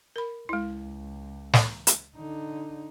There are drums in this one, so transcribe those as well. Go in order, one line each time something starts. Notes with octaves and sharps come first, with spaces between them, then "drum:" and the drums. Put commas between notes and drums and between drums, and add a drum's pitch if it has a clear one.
A#4 B5
C#2 G#3 E4
drum: snare
drum: hi-hat
D3 D#4